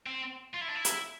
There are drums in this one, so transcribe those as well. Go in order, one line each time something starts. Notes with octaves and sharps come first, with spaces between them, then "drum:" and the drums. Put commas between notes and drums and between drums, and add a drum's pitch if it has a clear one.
C4
F4
E4
D4
E4
drum: hi-hat